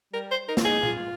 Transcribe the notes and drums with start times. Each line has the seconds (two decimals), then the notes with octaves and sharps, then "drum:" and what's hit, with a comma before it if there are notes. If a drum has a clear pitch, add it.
0.13 G3 A#4
0.31 C5
0.49 D#4 A#4
0.57 F4, drum: snare
0.65 D#4 G#4
0.83 F4, drum: tom A#2